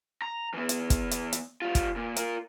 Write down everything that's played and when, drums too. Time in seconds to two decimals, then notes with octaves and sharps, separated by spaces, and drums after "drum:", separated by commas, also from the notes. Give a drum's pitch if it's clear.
0.22 A#5
0.54 E3 B3
0.69 drum: hi-hat
0.90 drum: kick, hi-hat
1.11 drum: hi-hat
1.33 drum: hi-hat
1.62 G3 F4
1.75 drum: kick, hi-hat
1.96 A#2
2.16 F4 A#4, drum: hi-hat